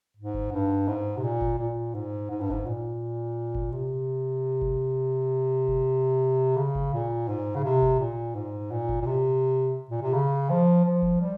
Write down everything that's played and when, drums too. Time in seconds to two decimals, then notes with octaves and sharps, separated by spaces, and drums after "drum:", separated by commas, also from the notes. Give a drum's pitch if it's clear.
0.17 G#2
0.34 drum: kick G1
0.52 G2
0.88 G#2
1.17 C3
1.23 A#2
1.41 drum: kick G1
1.59 A#2
1.94 G#2
2.30 G#2
2.41 G2
2.50 G#2, drum: kick G1
2.66 A#2
3.55 drum: kick G1
3.72 C3
4.62 drum: kick G1
5.68 drum: kick G1
6.57 C#3
6.75 drum: kick G1
6.94 A#2
7.29 G#2
7.55 C#3
7.64 C3
7.82 drum: kick G1
7.99 A#2
8.35 G#2
8.71 A#2
8.89 drum: kick G1
9.02 A#2
9.06 C3
9.90 A#2
10.02 C3
10.14 C#3
10.50 F3
10.85 F3
11.02 drum: kick G1
11.21 G3